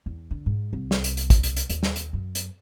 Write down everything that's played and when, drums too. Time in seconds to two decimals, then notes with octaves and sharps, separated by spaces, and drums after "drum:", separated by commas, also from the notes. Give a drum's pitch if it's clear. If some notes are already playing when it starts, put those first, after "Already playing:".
0.06 E2
0.31 D3
0.46 G#2
0.73 C2
0.91 drum: snare
1.04 drum: hi-hat
1.17 drum: hi-hat
1.30 drum: kick, hi-hat
1.43 drum: hi-hat
1.56 drum: hi-hat
1.70 D#2, drum: hi-hat
1.83 drum: snare
1.96 drum: hi-hat
2.13 F#2
2.35 drum: hi-hat